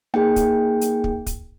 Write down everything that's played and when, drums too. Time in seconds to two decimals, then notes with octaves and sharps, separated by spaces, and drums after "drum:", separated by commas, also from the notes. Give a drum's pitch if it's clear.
0.14 A#3 D#4 G#4 G5
0.36 drum: kick, hi-hat
0.81 drum: hi-hat
1.04 drum: kick
1.26 drum: kick, hi-hat